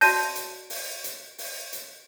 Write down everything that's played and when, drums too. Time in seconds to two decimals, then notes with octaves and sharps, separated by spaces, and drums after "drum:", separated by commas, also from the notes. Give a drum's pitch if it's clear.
0.01 F#4 D5 A5 G6 A#6 D#7, drum: open hi-hat
0.36 drum: hi-hat
0.70 drum: open hi-hat
1.04 drum: hi-hat
1.38 drum: open hi-hat
1.73 drum: hi-hat